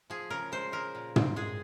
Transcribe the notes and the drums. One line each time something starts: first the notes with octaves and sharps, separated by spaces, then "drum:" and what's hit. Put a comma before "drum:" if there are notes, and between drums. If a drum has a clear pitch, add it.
F3 G#4
C#3 A#4
G#3 C5
G#3 A#4
A#2
C4, drum: tom
G#3 G#4